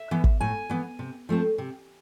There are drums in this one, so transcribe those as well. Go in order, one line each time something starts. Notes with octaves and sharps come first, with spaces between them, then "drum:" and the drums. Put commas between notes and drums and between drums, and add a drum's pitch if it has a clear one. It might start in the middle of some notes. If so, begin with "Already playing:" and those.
Already playing: E5
E3 B3
drum: kick
A2 G#5
E3 B3
C3
F3 A3 C4
C3